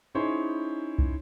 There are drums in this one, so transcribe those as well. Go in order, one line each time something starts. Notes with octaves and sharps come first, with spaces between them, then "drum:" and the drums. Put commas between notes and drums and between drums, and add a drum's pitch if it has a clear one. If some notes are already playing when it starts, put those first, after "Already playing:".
C#4 D#4 E4 G#4 C5 C#5
drum: kick